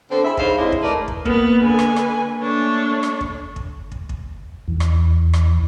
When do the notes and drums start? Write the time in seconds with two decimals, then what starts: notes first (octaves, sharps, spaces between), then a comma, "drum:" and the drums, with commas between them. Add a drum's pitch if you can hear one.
0.10 D3 B3 C4 A4 C5
0.24 E4 G#4 E5
0.37 G#2 G#3 C5 C#5 F5, drum: kick
0.57 G#3 C4 D4 E4 D#5
0.72 drum: kick
0.82 A3 A#4 B4 D5
1.08 drum: kick
1.25 A#3 B3 B4, drum: kick
1.64 D3 B4 G#5
1.79 drum: rim click
1.96 drum: rim click
2.42 A3 D4 C#5
3.03 drum: rim click
3.21 drum: kick
3.56 drum: kick
3.92 drum: kick
4.09 drum: kick
4.68 E2
4.80 drum: rim click
5.33 drum: rim click